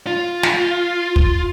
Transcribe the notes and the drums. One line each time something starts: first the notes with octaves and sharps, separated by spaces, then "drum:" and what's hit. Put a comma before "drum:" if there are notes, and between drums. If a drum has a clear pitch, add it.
F4
drum: snare
drum: kick